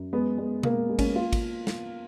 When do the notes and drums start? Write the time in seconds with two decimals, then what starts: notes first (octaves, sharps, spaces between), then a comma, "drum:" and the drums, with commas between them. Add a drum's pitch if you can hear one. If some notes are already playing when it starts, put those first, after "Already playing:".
Already playing: F#2
0.13 G#3 B3
0.38 G#3 B3
0.63 G#3 A#3, drum: tom B2
0.89 G#3
0.99 C#4, drum: kick, cymbal
1.16 A#3 F4
1.33 drum: kick, cymbal
1.67 drum: snare